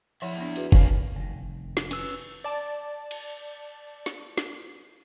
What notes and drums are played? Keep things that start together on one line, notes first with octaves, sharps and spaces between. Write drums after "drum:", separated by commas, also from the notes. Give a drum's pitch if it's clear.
F3 E4 C#5 D5 E5 F#5
B3 D4
F#4 G#4 B4, drum: hi-hat
D4 A#4 C#5 F5 G#5 C#6, drum: kick F#1
F1 D#3
drum: snare
C#4 B4 E6, drum: cymbal
D5 A5
drum: cymbal
drum: snare
drum: snare